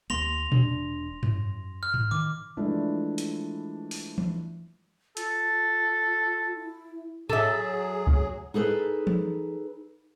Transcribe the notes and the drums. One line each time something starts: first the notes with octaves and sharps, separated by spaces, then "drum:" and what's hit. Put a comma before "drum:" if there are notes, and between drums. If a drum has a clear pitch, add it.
D#2 A#3 C6 A#6 F7
E1 D4, drum: tom A#2
F#2, drum: tom G2
F6
drum: tom G#2
D#3 D6
E3 F3 G#3 A3 D4 E4
drum: hi-hat
drum: open hi-hat
drum: tom E3
F4 A4, drum: hi-hat
E4
F#3 G#4 A4 E5, drum: tom G#2
drum: kick C#2
D#4 G#4 A4 B4
drum: tom E3